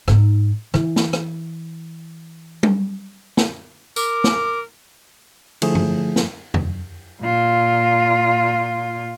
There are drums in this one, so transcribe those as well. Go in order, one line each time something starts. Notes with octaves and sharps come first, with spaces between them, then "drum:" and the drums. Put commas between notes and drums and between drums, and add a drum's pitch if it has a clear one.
G#2 D#4, drum: rim click
E3, drum: rim click
drum: snare
drum: rim click
drum: tom G3
drum: snare
A#4 D6, drum: tambourine
drum: snare
D3 F3 A3 E4 G#4, drum: cymbal
drum: tom G2
drum: snare
drum: tom E2
A#2 F4